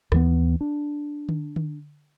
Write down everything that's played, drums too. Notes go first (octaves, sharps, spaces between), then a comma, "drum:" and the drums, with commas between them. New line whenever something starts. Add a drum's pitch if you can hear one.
D#2 E3 B3, drum: rim click
D4
drum: tom D3
drum: tom D3